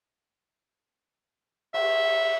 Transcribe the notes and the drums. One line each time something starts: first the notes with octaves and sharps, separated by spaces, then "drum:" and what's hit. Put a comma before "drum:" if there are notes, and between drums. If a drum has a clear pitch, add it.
E5, drum: cymbal